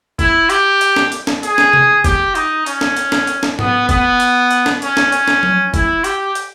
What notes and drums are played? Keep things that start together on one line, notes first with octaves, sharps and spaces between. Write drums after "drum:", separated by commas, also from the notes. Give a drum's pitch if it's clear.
E4, drum: kick, hi-hat
G4, drum: hi-hat
drum: hi-hat
drum: snare
drum: hi-hat
drum: snare
G#4, drum: hi-hat
drum: snare
drum: tom C3
G4, drum: kick, hi-hat
D#4, drum: hi-hat
C#4, drum: hi-hat
drum: snare
drum: hi-hat
drum: snare
drum: hi-hat
drum: snare
B3, drum: tom G#2
B3, drum: kick, hi-hat
drum: hi-hat
drum: hi-hat
drum: snare
C#4, drum: hi-hat
drum: snare
C#4, drum: hi-hat
drum: snare
drum: tom F#3
E4, drum: kick, hi-hat
G4, drum: hi-hat
drum: hi-hat